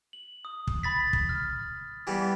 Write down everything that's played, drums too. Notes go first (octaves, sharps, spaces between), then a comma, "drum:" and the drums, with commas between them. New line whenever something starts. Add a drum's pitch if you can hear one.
F#7
D#6
drum: kick
B5 A6 B6
drum: kick
F6
E3 G3 B3